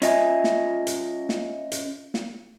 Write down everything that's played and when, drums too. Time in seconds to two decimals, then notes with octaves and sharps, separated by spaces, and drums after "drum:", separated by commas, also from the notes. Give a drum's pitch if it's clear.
0.02 C#4 F4 D#5 E5 G#5, drum: hi-hat
0.44 drum: snare
0.87 drum: hi-hat
1.29 drum: snare
1.72 drum: hi-hat
2.14 drum: snare